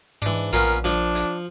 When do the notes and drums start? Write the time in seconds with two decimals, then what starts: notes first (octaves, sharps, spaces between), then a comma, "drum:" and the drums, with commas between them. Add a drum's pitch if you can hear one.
0.22 G#2 E3 D4
0.53 A#1 B3 C#4 F4 A#4, drum: hi-hat
0.84 F3 D4, drum: hi-hat
1.15 drum: hi-hat